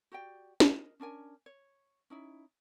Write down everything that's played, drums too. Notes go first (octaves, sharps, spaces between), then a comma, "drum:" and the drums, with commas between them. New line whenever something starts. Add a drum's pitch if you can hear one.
F#4 G4 D5 G5
A#4 D#5, drum: snare
C#4 D4 A#4 G#5
C#5
C#4 D#4 E4